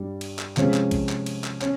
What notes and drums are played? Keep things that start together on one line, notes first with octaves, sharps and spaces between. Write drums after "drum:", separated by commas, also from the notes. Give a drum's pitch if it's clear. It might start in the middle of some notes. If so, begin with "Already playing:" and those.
Already playing: G2 G3
drum: cymbal
drum: clap
C3 F3 G#3 C#4, drum: clap
drum: clap
drum: kick B1, cymbal
drum: clap
drum: cymbal
drum: clap
C#4, drum: clap